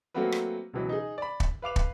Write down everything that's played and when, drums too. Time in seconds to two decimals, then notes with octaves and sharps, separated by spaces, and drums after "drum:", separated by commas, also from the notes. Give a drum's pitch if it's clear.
0.14 F#3 A3 A#3 C4 F#4 B4
0.32 drum: rim click
0.73 C#2 B2 E3 F#3
0.89 D#4 G#4
1.18 D5 B5
1.40 drum: kick
1.62 B4 F5 D6 F7
1.76 drum: kick